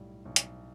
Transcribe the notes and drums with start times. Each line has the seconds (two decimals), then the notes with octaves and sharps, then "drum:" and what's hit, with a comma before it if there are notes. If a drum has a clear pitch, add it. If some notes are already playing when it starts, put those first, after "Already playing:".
Already playing: B1 A2 G3
0.25 B1
0.36 drum: hi-hat